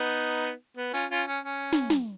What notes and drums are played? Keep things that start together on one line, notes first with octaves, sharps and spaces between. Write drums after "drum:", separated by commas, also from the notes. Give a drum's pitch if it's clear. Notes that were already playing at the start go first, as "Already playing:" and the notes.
Already playing: B3 D#4
B3
C#4 F4
C#4 F4
C#4
C#4
drum: snare
drum: snare